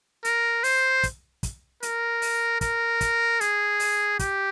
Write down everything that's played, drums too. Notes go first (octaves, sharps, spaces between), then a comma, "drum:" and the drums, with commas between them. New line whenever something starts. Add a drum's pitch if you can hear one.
A#4, drum: hi-hat
C5, drum: open hi-hat
drum: kick, hi-hat
drum: kick, hi-hat
A#4, drum: hi-hat
drum: open hi-hat
A#4, drum: kick, hi-hat
drum: kick, hi-hat
G#4, drum: hi-hat
drum: open hi-hat
G4, drum: kick, hi-hat